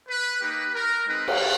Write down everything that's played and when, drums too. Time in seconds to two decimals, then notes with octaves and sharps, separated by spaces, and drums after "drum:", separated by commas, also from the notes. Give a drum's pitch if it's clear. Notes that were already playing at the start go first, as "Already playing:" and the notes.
0.09 B4
0.41 A#3 D#4 G4 B4
0.74 A#4
1.06 G#3 C4 D#4 B4
1.28 drum: cymbal